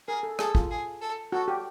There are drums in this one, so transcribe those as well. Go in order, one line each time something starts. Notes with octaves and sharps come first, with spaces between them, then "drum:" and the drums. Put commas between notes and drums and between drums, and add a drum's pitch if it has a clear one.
G#4 A#4
A4
G#4 A4, drum: rim click
F4, drum: kick
G#4
A4
F#4 A4
G4